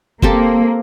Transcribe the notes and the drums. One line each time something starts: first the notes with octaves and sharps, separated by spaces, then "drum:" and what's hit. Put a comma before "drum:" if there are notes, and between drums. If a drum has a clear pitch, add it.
A#3 C4 G4 A4, drum: kick